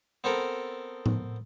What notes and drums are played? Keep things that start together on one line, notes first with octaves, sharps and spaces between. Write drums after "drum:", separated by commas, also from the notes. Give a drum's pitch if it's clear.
B3 C4 A4 A#4
drum: tom A2